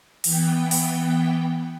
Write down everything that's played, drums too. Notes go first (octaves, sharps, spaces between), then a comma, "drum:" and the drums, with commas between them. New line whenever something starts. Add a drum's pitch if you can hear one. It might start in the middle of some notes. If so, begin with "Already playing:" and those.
E3 B3 G5, drum: open hi-hat
drum: open hi-hat